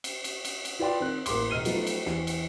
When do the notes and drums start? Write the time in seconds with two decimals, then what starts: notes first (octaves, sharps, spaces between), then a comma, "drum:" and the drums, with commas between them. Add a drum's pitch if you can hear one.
0.04 drum: cymbal
0.24 drum: cymbal
0.45 drum: cymbal
0.65 drum: cymbal
0.79 F4 B4 D5 G5 C6
1.00 D#3 C4 F#6
1.26 A1 A#3 C6 D6, drum: cymbal
1.50 E1 D#5 F6 D#7 G7
1.65 F3 F#3 A3 B3 D#4 F4, drum: cymbal
1.87 drum: cymbal
2.06 E2, drum: snare
2.27 drum: cymbal